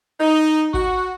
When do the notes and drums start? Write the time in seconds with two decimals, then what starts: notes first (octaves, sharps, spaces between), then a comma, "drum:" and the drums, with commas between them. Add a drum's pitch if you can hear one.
0.20 D#4
0.74 F#4, drum: kick